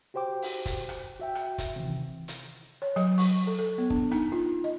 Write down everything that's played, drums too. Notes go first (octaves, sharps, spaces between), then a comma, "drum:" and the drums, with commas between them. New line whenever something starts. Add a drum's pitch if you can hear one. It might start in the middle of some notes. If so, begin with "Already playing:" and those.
F#4 G4 C5 G5 D6
drum: open hi-hat
drum: kick, hi-hat
drum: rim click
F#4 E5 G5
drum: rim click
drum: kick, hi-hat
C3 D#3 E3
drum: hi-hat
C#5
F#3, drum: rim click
C#6, drum: open hi-hat
A4
A4
B3
D4, drum: kick
D#4, drum: rim click
F4
D#5